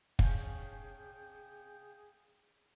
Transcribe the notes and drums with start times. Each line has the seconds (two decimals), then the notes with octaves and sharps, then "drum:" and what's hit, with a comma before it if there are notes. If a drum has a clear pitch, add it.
0.19 C3 C#4 D4 G#4 F5 G5 G#5 G6, drum: kick